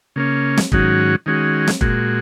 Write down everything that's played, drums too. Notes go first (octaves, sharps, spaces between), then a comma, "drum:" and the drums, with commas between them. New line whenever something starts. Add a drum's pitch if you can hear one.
C#3 A#3 C#4
drum: snare
G#2 D#3 F#3 C#4 F#4, drum: kick
D#3 G#3 C#4 F#4
drum: snare
A#2 G#3 F#4, drum: kick